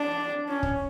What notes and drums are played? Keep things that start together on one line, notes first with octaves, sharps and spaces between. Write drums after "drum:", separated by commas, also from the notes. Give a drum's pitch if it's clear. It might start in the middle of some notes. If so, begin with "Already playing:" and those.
Already playing: D4
C#4
drum: kick